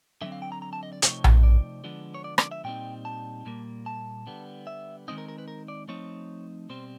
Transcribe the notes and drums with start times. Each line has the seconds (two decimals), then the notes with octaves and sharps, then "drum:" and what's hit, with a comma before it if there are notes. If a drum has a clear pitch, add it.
0.21 D3 F#3 A3 C4 E5
0.32 F5
0.42 G5
0.52 A#5
0.62 A#5
0.73 A5
0.83 D#5
0.93 D5
1.02 C3 F3 A3 C4 D#4 C#5, drum: hi-hat
1.24 drum: tom A#1
1.43 D5
1.84 D3 F3 G#3 B3 D4
2.14 C#5
2.24 D5
2.38 D5, drum: rim click
2.51 E5
2.64 A#2 G3 C4 D#4 G5
3.05 A5
3.46 A#2 G3 A#3
3.86 A5
4.27 D3 G3 B3
4.67 E5
5.08 D#3 G#3 C4 D#4 D#5
5.18 A#4
5.28 A#4
5.38 B4
5.48 A#4
5.68 D5
5.88 F3 A3 C4 D#4 C#5
6.69 B2 G3 C4 C5